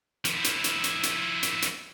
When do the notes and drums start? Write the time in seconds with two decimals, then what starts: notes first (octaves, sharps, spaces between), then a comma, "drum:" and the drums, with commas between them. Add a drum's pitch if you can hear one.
0.25 F3 E4, drum: hi-hat
0.44 drum: hi-hat
0.64 drum: hi-hat
0.84 drum: hi-hat
1.03 drum: hi-hat
1.43 drum: hi-hat
1.62 drum: hi-hat